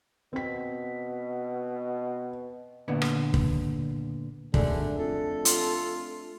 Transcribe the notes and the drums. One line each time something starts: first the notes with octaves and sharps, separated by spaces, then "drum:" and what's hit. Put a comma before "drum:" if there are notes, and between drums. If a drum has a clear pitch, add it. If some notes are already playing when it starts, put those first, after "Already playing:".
B2 C4 B6
A#2 D3 B3
drum: rim click
drum: kick
G#1 D3 A3 D4 G#4, drum: kick
F2 A4
F4, drum: hi-hat